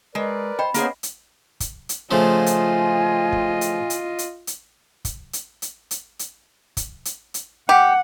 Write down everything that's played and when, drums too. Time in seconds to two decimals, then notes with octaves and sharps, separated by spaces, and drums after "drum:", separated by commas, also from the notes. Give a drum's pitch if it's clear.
0.15 G#3 A#4 B4 D5
0.59 C5 D#5 G5 B5
0.74 A#3 B3 C#4 G#4 C5, drum: hi-hat
1.03 drum: hi-hat
1.60 drum: kick, hi-hat
1.89 drum: hi-hat
2.11 C#3 F3 A3 F4 D#5 G#5
2.46 drum: hi-hat
3.32 drum: kick
3.61 drum: hi-hat
3.90 drum: hi-hat
4.19 drum: hi-hat
4.47 drum: hi-hat
5.05 drum: kick, hi-hat
5.33 drum: hi-hat
5.62 drum: hi-hat
5.91 drum: hi-hat
6.19 drum: hi-hat
6.77 drum: kick, hi-hat
7.05 drum: hi-hat
7.34 drum: hi-hat
7.69 G4 F#5